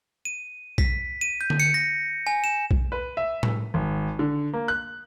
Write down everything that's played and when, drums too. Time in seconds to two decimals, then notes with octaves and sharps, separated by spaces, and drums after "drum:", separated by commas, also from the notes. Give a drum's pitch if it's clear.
0.25 D#7
0.78 B6, drum: kick B1
1.21 D#7
1.41 G6
1.50 drum: tom D3
1.60 C#7
1.74 A#6
2.27 G#5
2.44 E7
2.71 drum: kick B1
2.92 B4
3.17 E5
3.43 drum: tom A2
3.74 G#1
4.19 D3
4.53 A#3
4.68 F#6